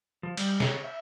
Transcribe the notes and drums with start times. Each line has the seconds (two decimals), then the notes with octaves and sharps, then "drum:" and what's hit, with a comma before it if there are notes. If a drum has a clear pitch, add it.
0.23 F3
0.37 G3, drum: cymbal
0.60 C#5, drum: snare
0.84 E5